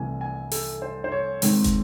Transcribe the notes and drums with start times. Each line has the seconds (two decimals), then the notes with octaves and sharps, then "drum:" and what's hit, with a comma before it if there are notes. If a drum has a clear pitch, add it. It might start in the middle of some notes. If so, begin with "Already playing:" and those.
Already playing: C2 C3 E3 A3 C4 G#5
0.21 G#5
0.51 A4, drum: open hi-hat
0.82 C5
1.04 C5
1.12 C#5
1.42 G#2 D#3 G#3 C4, drum: open hi-hat
1.64 drum: kick, hi-hat